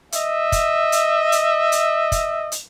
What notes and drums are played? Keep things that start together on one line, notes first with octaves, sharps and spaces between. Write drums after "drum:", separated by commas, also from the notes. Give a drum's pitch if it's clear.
D#5 E5, drum: hi-hat
drum: kick, hi-hat
drum: hi-hat
drum: hi-hat
drum: hi-hat
drum: kick, hi-hat
drum: hi-hat